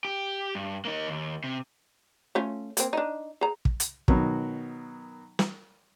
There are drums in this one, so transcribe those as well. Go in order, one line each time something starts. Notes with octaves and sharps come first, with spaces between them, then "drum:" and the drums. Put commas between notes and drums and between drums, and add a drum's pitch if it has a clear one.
G4
G2
A#3 D#4
D#2
C3
A3 C#4 F4
A#3 C4, drum: hi-hat
D4 D#4
G#4 A#5
drum: kick
drum: hi-hat
B2 D#3 F#3, drum: kick
drum: snare